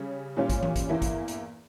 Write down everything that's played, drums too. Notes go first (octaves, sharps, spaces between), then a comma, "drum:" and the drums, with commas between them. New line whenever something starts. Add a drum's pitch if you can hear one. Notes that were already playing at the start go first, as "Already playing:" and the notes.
Already playing: C#3 G3 C#4
A#2 G3 C#4 F4
drum: kick, hi-hat
drum: tom E3
drum: kick, hi-hat
E2 E3 A#3 E4
drum: kick, hi-hat
drum: hi-hat